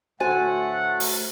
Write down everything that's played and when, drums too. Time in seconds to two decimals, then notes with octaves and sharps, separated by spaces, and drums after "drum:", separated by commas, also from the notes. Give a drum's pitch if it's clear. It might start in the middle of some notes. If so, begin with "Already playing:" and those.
0.20 D2 A2 A3 F#4 C5 F#5 G#5 A6
1.00 drum: open hi-hat